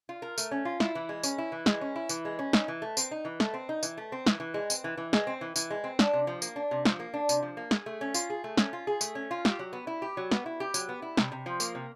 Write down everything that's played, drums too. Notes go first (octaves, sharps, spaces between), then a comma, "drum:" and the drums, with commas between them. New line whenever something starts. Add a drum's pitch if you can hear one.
F4
A#4
A3, drum: tambourine
C#4
F4
E4, drum: snare
E3
G#3
C#4, drum: tambourine
E4
E3
G#3, drum: snare
C#4
E4
E3, drum: tambourine
G#3
C#4
D#4, drum: snare
E3
A3
C4, drum: tambourine
D#4
E3
A3, drum: snare
C4
D#4
E3, drum: tambourine
A3
C4
E3, drum: snare
E3
G#3
C4, drum: tambourine
E3
E3
G#3, drum: snare
C4
E3
E3, drum: tambourine
G#3
C4
D4, drum: snare
C3
F3
A#3, drum: tambourine
D4
C3
F3, drum: snare
A#3
D4
C3, drum: tambourine
F3
A#3
G#4, drum: snare
A3
C#4
F4, drum: tambourine
G#4
A3
C#4, drum: snare
F4
G#4
A3, drum: tambourine
C#4
F4
G4, drum: snare
F#3
B3
E4
G4
F#3
B3, drum: snare
E4
G4
F#3, drum: tambourine
B3
E4
C3, drum: snare
C3
F3
A#3, drum: tambourine
C3